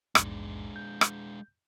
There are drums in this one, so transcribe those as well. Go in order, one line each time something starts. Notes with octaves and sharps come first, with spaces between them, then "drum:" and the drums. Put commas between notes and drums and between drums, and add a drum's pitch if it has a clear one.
A#1 E2 G#2 G#3 D4, drum: rim click
G6
drum: rim click